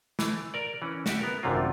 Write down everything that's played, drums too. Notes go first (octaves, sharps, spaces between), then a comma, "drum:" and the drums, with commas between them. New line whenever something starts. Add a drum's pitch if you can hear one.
E3 A3, drum: snare
A#4 D5
E3 C#4
F#4 G4 E5, drum: snare
B3 A#4
G#1 F#2 C3 A3 A#3 F4